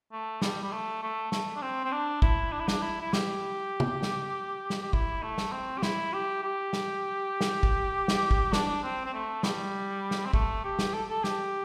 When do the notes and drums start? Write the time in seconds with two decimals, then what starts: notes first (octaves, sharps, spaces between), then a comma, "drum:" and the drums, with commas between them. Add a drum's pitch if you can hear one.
0.12 A3
0.42 G3, drum: snare
0.63 G3
0.72 A3
1.03 A3
1.32 A3, drum: snare
1.55 D4
1.62 C4
1.84 C4
1.92 D4
2.22 E4, drum: kick
2.52 D4
2.60 E4
2.68 D4, drum: snare
2.82 E4
3.01 E4
3.13 G4, drum: snare
3.80 drum: tom
4.03 drum: snare
4.70 drum: snare
4.82 G4
4.93 E4, drum: kick
5.23 A3
5.38 drum: snare
5.52 C4
5.78 G4
5.82 E4, drum: snare
6.13 G4
6.43 G4
6.73 drum: snare
7.41 drum: snare
7.63 drum: kick
8.08 drum: snare
8.31 drum: kick
8.53 D4, drum: snare
8.83 C4
9.05 C4
9.14 A3
9.43 G3, drum: snare
10.11 drum: snare
10.26 C4
10.33 A3, drum: kick
10.64 G4
10.79 drum: snare
10.94 A4
11.10 A4
11.24 G4, drum: snare